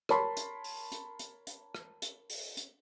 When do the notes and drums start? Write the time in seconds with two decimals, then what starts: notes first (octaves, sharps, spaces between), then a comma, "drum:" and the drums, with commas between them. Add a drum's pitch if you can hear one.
0.09 A#4 C#5 A5 B5 C6, drum: rim click
0.37 drum: hi-hat
0.64 drum: open hi-hat
0.92 drum: hi-hat
1.19 drum: hi-hat
1.47 drum: hi-hat
1.75 drum: rim click
2.02 drum: hi-hat
2.30 drum: open hi-hat
2.57 drum: hi-hat